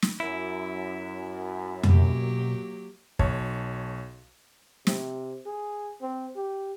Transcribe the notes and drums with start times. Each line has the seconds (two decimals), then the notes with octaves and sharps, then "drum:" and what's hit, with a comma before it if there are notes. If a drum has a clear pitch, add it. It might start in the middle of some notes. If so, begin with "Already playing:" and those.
0.02 drum: snare
0.20 F#2 E4
1.83 B2 F#3 A#3 G4, drum: tom F2
3.19 B1 C#5 A5, drum: kick
4.87 C3, drum: snare
5.46 G#4
6.01 C4
6.36 G4